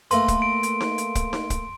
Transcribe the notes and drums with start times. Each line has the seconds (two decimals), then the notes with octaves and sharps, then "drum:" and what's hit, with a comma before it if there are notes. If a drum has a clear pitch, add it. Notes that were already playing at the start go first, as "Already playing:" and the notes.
0.11 A3 A#3 B4 C6, drum: hi-hat
0.28 drum: kick, hi-hat
0.42 D7
0.63 drum: hi-hat
0.81 drum: snare D#4
0.98 drum: hi-hat
1.15 drum: kick, hi-hat
1.33 drum: snare D#4
1.50 drum: kick, hi-hat